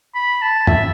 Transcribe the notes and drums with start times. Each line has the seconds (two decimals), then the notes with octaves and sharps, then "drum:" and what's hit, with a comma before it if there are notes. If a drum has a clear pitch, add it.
0.15 B5
0.42 A5
0.67 E5, drum: tom